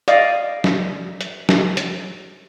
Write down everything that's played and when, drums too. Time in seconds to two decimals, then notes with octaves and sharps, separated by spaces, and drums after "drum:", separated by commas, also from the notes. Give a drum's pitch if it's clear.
0.08 D5 D#5 F5, drum: hi-hat
0.64 drum: snare
1.21 drum: hi-hat
1.49 drum: snare
1.77 drum: hi-hat